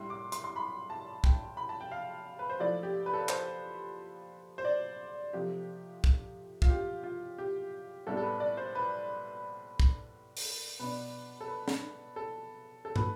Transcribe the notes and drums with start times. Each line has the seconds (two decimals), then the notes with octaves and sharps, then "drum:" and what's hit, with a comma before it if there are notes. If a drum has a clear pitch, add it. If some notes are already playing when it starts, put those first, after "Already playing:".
Already playing: A2 G3 D4 C6
0.10 D6
0.32 C6, drum: hi-hat
0.44 C6
0.56 B5
0.90 A5
1.24 G5, drum: kick
1.57 B5
1.69 A5
1.81 G5
1.92 F5
2.39 B4
2.50 C5
2.60 F3 A3 E4 D5
2.83 G4
3.06 B4
3.14 A4
3.20 B4
3.29 C5, drum: clap
4.58 C5
4.65 D5
5.33 C3 F3 A3 G4
6.04 drum: kick
6.62 F4, drum: kick
6.70 G4
7.04 F4
7.38 G4
8.07 A2 G3 B3 D4 A4
8.17 A4
8.23 B4
8.40 D5
8.57 C5
8.75 B4
9.80 drum: kick
10.37 drum: open hi-hat
10.80 B2 B3 D4 B4
11.41 A4
11.48 B4
11.68 drum: snare
12.16 A4
12.85 A4
12.96 B4, drum: tom